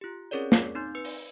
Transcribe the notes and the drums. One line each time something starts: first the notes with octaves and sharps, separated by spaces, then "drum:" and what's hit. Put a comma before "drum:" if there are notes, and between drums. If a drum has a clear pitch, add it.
F4 G4
C4 C#4 G#4 A#4 C#5 D5
D6, drum: snare
C4 D#4 C6 G6
B4 E6 C#7
drum: open hi-hat